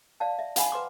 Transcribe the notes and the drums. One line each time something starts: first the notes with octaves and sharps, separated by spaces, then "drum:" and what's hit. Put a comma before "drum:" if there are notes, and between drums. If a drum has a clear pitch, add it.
D5 F5 A5
E5
F#4 F5 F#5 G#5 B5, drum: hi-hat
B4 C6 D6